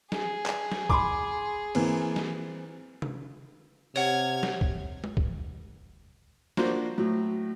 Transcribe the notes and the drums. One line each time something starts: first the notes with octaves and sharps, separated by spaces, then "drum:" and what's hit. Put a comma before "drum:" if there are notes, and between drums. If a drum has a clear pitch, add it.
G#4, drum: snare
drum: clap
drum: snare
B5 C6 D6, drum: kick
E3 A#3 C4, drum: cymbal
drum: snare
drum: tom
C3 C#5 F#5 F6 G#6, drum: open hi-hat
drum: snare
drum: kick
drum: tom G#3
drum: kick
F3 A#3 D4 F#4 C5, drum: snare
A2 F#3